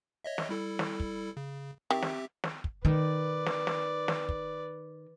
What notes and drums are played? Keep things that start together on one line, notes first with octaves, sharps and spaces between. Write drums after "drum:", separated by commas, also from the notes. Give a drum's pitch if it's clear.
C#5 D#5 E5
drum: snare
G3 E4 A4
drum: snare
drum: kick
C#3
D#3 C4 G4 E5
drum: snare
drum: snare
drum: kick
D#3 B4 D5
drum: snare
drum: snare
drum: snare
drum: kick